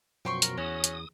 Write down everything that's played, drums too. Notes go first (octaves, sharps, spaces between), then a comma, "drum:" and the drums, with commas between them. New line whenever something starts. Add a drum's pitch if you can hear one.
F#2 B2 F3 F#3 G5 C6 C#6
A#4, drum: hi-hat
E2 C#4 F#4 D#6
drum: hi-hat